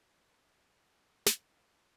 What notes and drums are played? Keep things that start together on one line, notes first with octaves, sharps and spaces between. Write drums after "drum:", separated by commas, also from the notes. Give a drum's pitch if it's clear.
G3
G#5
C3
C3
G#5
F#3
F#5, drum: snare
D5
F4